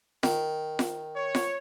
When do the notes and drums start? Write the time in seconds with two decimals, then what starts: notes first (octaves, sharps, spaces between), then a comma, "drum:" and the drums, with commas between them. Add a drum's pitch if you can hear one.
0.23 D#3, drum: snare F4
0.79 drum: snare F4
1.16 C#5
1.35 drum: snare F4